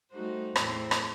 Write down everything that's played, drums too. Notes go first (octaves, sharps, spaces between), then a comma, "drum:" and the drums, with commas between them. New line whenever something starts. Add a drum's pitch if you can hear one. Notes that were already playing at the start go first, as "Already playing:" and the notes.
G3 A3 D#4 F#4 C5
E2 A2 C4 E4 G#4 C5, drum: rim click
drum: rim click